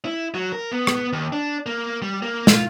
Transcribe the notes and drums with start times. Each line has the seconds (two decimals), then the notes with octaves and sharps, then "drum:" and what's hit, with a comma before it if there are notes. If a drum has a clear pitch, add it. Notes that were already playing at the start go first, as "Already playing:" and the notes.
0.05 E4
0.34 F#3
0.52 A#4
0.72 B3
0.87 drum: rim click
1.13 D#2
1.33 D4
1.66 A#3
2.02 G3
2.22 A#3
2.47 F4, drum: snare